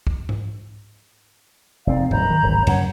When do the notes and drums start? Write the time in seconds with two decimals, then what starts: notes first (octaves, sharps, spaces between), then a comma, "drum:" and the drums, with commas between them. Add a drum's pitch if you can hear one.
0.07 drum: kick
0.29 drum: tom G#2
1.87 F1 C4 D#4 D5 F5
2.11 D1 A#5 B5 G6, drum: tom G#2
2.30 D#3
2.42 D1 G#1
2.67 F#2 C#3 C#5 F#5, drum: cymbal